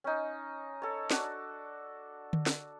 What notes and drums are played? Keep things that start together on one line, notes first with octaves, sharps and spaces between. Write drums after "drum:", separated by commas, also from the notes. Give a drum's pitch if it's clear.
C#4 D#4
A4 C#5
D4 F#4, drum: snare
drum: tom D3
drum: snare